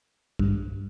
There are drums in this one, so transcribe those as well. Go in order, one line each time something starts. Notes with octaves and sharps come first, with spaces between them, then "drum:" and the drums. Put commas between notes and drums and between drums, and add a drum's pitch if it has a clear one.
G2, drum: kick